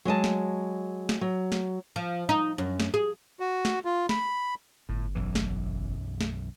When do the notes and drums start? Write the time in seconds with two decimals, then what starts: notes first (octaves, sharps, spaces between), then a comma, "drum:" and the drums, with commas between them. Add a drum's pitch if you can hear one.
0.05 F#3 G#3 D#5 A5
0.24 drum: snare
1.09 drum: snare
1.21 F#3
1.52 drum: snare
1.96 F3
2.29 D#4
2.58 F#2
2.80 drum: snare
2.94 G#4
3.40 F#4
3.65 drum: snare
3.85 F4
4.09 B5, drum: snare
4.89 G1 A2
5.15 B1 F#2 E3
5.35 drum: snare
6.21 drum: snare